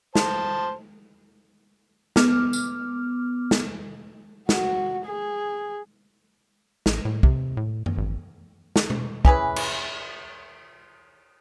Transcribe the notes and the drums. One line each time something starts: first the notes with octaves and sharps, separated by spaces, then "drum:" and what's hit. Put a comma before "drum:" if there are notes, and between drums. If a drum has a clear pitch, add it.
C5 A5, drum: snare
B3 D6 F6, drum: snare
drum: tambourine
drum: snare
F#4, drum: snare
G#4
A1, drum: snare
A2
C3, drum: kick
A2
drum: tom F#2
G#1
drum: snare
drum: tom
E3 C#4 G#4 B4, drum: kick
drum: cymbal